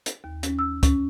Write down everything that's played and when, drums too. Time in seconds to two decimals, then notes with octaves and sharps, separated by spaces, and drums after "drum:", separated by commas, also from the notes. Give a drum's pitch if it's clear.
0.06 drum: hi-hat
0.24 D#2
0.43 C#4, drum: hi-hat
0.59 E6
0.83 C#4, drum: kick C#2, hi-hat